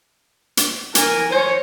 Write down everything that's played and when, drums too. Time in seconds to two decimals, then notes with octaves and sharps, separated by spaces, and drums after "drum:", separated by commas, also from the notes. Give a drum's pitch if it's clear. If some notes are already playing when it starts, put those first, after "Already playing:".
0.57 drum: hi-hat
0.95 A#4 G#5, drum: hi-hat
1.32 C5 C#5